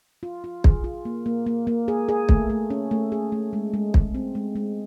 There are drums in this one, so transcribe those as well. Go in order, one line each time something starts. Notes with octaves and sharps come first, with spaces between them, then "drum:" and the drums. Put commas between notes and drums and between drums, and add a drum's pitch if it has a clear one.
F4
F4
G#4, drum: kick
F4
A#3
A#3
A#3
A#3
G#4
G#4
A3, drum: kick
A3
C#4
A3
G#4
A3
G#3
G#3
G#3, drum: kick
C4
G#3
G#3